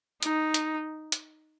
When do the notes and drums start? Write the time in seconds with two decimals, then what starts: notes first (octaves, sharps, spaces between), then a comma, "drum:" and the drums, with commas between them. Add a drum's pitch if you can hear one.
0.23 D#4, drum: hi-hat
0.54 drum: hi-hat
1.12 drum: hi-hat